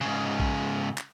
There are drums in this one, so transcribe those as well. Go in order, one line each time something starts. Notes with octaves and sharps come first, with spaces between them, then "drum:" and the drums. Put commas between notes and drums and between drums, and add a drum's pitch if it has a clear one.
G#2 C#3
drum: kick A#1
drum: clap